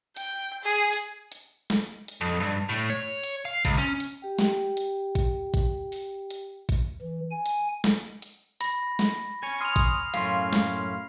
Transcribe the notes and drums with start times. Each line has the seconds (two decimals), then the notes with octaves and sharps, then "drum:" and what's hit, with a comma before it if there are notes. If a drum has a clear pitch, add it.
0.16 G5, drum: hi-hat
0.64 G#4
0.93 drum: hi-hat
1.32 drum: hi-hat
1.70 drum: snare
2.08 drum: hi-hat
2.21 F2
2.40 G2
2.69 A2
2.90 C#5
3.23 drum: hi-hat
3.45 F5
3.65 C#2, drum: kick A1, hi-hat
3.78 C#4
4.00 drum: hi-hat
4.22 G4 G5
4.39 drum: snare
4.77 drum: hi-hat
5.15 drum: kick A1, hi-hat
5.54 drum: kick A1, hi-hat
5.92 drum: open hi-hat
6.30 drum: hi-hat
6.69 drum: kick A1, hi-hat
7.02 E3
7.31 G#5
7.46 drum: hi-hat
7.84 drum: snare
8.22 drum: hi-hat
8.61 B5 A#6, drum: hi-hat
8.99 drum: snare
9.43 C#5 G#5
9.61 C6 D#6 F6 F7
9.76 drum: kick A1, hi-hat
10.14 F#2 A2 C#4 F5 C6 C7, drum: hi-hat
10.53 drum: snare